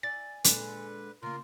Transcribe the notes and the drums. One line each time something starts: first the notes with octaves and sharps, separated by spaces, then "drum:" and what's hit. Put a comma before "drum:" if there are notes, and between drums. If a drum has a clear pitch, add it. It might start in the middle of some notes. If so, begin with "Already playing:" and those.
E4 D5 G#5 A6
A#2 D3 G#3 B4, drum: hi-hat
C#3 A#3 F4 A#4 C6